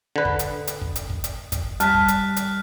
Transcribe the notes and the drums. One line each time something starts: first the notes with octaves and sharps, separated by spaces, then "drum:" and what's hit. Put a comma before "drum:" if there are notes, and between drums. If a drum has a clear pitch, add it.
D3 B4
drum: kick
drum: hi-hat
drum: hi-hat
drum: kick
drum: hi-hat
drum: kick
drum: hi-hat
drum: kick, hi-hat
G3 A5 F6 F#6 B6, drum: hi-hat
drum: kick
drum: hi-hat
drum: hi-hat